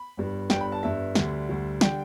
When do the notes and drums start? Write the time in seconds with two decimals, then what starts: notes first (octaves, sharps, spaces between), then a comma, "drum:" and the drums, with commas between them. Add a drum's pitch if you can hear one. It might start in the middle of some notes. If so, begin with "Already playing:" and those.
Already playing: B5
0.17 G1 G2 G3
0.50 G1 G2 G3 G5, drum: snare
0.61 B5
0.72 A5
0.83 G1 G2 G3 E5
1.15 D2 D3 G3, drum: snare
1.49 D2 D3 G3
1.81 D3 G3 G5, drum: snare